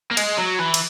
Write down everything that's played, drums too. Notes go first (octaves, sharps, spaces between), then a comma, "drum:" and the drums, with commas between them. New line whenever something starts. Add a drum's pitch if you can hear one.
A#3
G#3, drum: cymbal
F#3
E3
drum: cymbal